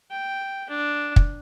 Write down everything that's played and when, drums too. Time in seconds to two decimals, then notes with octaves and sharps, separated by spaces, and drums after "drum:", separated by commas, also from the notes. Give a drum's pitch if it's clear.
0.11 G5
0.70 D4
1.16 drum: kick